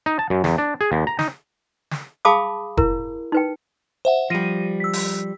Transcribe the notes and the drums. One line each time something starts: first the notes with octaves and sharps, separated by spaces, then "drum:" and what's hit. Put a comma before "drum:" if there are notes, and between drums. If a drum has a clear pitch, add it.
D#4
A5
F#2
E2, drum: snare
D4
G#4
D#2
A#5
D#4, drum: snare
drum: snare
G#4 F5 A5 B5 D6 D#6
E4 A#4, drum: kick F1
D#4 B4 G5
C5 E5 F#5
F3 G3 A#6 D#7
E6 B6
drum: open hi-hat